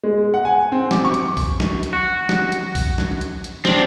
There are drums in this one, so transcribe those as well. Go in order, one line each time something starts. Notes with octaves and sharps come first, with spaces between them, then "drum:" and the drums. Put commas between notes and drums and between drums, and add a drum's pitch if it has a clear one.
G#3
F#5
G#5
C4
D6, drum: snare
C#6
drum: hi-hat
drum: kick B1, open hi-hat
drum: snare
drum: hi-hat
F#4
drum: snare
drum: hi-hat
drum: kick B1, open hi-hat
drum: snare
drum: hi-hat
drum: hi-hat
C4 D4, drum: snare